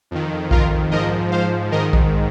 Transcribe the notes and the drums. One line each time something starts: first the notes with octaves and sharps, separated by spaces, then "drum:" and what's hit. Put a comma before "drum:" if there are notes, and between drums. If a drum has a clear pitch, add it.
F2 D#3
F4 A#4, drum: kick A#1
G#2 F3 A#4 D#5
C5 F5
G#2 D#3 A#4 D#5
drum: kick A#1